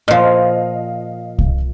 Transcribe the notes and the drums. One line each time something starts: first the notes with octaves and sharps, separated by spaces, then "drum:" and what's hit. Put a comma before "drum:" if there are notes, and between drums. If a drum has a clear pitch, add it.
A#2 F3 D#5 F5
drum: kick C2